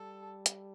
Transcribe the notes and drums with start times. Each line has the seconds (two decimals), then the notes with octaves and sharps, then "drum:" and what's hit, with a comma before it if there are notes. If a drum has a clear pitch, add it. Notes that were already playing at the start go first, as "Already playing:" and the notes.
Already playing: G3 A4
0.46 drum: hi-hat